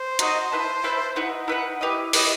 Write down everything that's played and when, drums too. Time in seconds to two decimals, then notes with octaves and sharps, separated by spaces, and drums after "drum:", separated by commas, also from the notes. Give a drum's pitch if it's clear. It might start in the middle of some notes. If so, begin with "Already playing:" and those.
Already playing: C5
0.19 D#4 F#4 B4 D#5, drum: hi-hat
0.52 E4 B4 E5 A5
0.84 E4 B4 E5 A5
1.16 D#4 E4 B4 F#5
1.48 E4 B4 F#5
1.81 E4 G4 B4 D#5
2.13 G4 B4 D#5, drum: open hi-hat